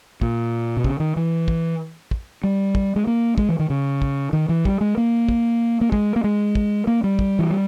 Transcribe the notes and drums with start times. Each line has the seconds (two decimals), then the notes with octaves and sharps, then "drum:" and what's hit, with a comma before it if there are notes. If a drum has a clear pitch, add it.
0.22 A#2, drum: kick
0.77 B2
0.84 C#3, drum: kick
1.00 D#3
1.16 E3
1.48 drum: kick
2.11 drum: kick
2.44 G3
2.75 drum: kick
2.96 G#3
3.07 A#3
3.38 G#3, drum: kick
3.49 E3
3.59 D#3
3.70 C#3
4.02 drum: kick
4.33 D#3
4.49 E3
4.65 G3, drum: kick
4.81 G#3
4.97 A#3
5.29 drum: kick
5.81 A#3
5.92 G#3, drum: kick
6.16 A#3
6.24 G#3
6.55 drum: kick
6.87 A#3
7.04 G3
7.19 drum: kick
7.39 E3
7.51 G3